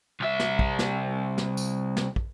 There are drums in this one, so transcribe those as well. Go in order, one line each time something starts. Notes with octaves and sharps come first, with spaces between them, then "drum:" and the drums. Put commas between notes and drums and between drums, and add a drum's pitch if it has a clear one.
C2 E5
drum: snare
drum: kick
drum: snare
drum: snare
drum: tambourine
drum: snare
drum: kick